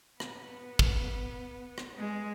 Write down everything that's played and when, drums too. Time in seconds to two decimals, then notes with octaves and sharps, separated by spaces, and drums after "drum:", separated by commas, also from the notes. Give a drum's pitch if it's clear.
0.20 B3, drum: rim click
0.79 drum: kick
1.78 drum: rim click
1.98 G#3